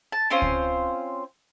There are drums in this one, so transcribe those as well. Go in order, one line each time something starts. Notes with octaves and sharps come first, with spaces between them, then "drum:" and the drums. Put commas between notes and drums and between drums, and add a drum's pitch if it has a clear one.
A5
C4 C#4 F4 C5
drum: kick C#2